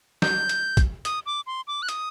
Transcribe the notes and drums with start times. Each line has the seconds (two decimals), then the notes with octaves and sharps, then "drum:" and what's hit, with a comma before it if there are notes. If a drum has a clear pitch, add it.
0.22 G6, drum: snare
0.49 drum: hi-hat
0.77 drum: kick, hi-hat
1.05 D#6, drum: hi-hat
1.26 D6
1.47 C6
1.67 D6
1.82 F#6
1.89 D#6, drum: hi-hat